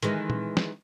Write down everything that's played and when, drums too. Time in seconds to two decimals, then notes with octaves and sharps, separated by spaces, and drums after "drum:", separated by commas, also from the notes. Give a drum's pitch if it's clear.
0.03 D#3 E3 G#3, drum: hi-hat
0.30 drum: tom A#2
0.57 drum: snare